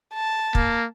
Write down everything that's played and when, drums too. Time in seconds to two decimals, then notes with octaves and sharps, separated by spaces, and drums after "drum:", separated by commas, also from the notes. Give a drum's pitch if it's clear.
0.14 A5
0.55 A#3, drum: kick